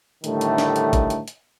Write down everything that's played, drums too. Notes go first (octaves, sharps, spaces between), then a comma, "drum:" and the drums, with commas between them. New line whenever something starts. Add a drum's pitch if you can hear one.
A2 D3 D#3 G3 A3, drum: hi-hat
drum: hi-hat
drum: snare
drum: hi-hat
drum: kick, hi-hat
drum: hi-hat
drum: hi-hat